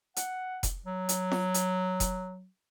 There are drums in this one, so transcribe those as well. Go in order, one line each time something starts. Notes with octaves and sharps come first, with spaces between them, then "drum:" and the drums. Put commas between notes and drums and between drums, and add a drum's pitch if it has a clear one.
F#5, drum: hi-hat
drum: kick F1, hi-hat
F#3
drum: hi-hat
drum: snare F4
drum: hi-hat
drum: kick F1, hi-hat